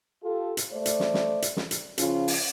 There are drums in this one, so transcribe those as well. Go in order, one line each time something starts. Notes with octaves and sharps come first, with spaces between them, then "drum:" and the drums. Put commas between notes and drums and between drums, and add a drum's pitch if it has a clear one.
F4 G4 A4
drum: hi-hat
A3 C5 D5
drum: hi-hat
drum: snare
drum: snare
drum: hi-hat
drum: snare
drum: hi-hat
C#3 F3 C#4 F4, drum: hi-hat
drum: open hi-hat